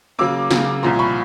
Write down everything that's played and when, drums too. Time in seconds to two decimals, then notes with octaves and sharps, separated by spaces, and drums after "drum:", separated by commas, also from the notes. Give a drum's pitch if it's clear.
0.19 C#3 F#3 A#3 D6 E6
0.51 C#3 F#3 A#3, drum: snare
0.83 C2 A#2 F3 A#5 C6
0.99 B5 C#6